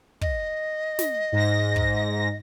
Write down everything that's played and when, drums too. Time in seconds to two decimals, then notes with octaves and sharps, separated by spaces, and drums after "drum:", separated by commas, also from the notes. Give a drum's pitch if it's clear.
0.21 D#5, drum: kick
0.99 drum: snare
1.32 G#2 A#6
1.76 drum: kick